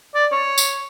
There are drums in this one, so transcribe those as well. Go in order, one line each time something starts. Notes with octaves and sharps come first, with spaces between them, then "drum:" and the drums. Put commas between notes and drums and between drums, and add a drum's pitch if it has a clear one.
D5
C#5
drum: tambourine